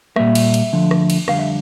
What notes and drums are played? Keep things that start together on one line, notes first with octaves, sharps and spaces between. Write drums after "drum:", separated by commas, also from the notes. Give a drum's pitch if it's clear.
A#2 G3 A#3 E5, drum: rim click
drum: cymbal
drum: cymbal
D2 D3 F3
drum: rim click
drum: cymbal
F2 D3 G3 F5, drum: rim click
E5